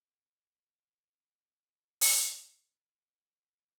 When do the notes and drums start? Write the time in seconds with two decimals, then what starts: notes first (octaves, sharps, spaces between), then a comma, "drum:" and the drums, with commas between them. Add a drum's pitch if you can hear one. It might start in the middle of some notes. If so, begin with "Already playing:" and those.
0.07 C4
0.43 A#1
0.63 C#2
1.12 C4
1.28 B3
2.01 drum: open hi-hat
2.51 E3
2.96 D6
3.45 F3